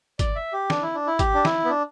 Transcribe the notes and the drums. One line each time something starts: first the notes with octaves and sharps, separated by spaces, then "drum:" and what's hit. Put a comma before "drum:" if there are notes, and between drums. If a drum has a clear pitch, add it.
D5, drum: kick, hi-hat
E5
G4
D4, drum: snare
E4
D4
E4
G4, drum: kick, hi-hat
D4
E4, drum: snare
B3
D4